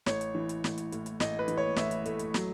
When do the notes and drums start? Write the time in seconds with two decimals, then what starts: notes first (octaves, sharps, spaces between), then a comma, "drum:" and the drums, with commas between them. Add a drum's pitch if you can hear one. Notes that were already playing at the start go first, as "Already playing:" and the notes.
0.06 A1 C#5, drum: snare
0.21 drum: hi-hat
0.35 E3
0.49 drum: hi-hat
0.64 A1, drum: snare
0.78 drum: hi-hat
0.92 A2, drum: hi-hat
1.06 drum: hi-hat
1.20 A1 D#5, drum: snare
1.39 B4
1.48 E3, drum: hi-hat
1.58 C#5
1.76 A1 E5, drum: snare
1.91 drum: hi-hat
2.06 A3, drum: hi-hat
2.19 drum: hi-hat
2.34 F#3, drum: snare